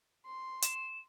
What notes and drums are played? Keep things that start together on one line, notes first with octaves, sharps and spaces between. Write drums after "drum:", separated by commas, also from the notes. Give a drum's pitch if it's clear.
C6
E7, drum: hi-hat